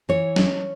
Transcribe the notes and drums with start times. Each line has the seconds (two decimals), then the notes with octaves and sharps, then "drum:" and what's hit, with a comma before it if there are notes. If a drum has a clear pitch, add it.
0.09 E3 C#5
0.36 C#4, drum: snare